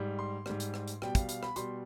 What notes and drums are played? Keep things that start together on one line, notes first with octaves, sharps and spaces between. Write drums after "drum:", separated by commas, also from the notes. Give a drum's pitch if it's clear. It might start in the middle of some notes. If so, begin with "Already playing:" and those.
Already playing: G#2 G3
C6
G#2 G3, drum: rim click
drum: hi-hat
drum: rim click
drum: hi-hat
B2 G3 G5, drum: rim click
F5, drum: kick, hi-hat
F5, drum: hi-hat
B5, drum: rim click
B2 G3 C6, drum: hi-hat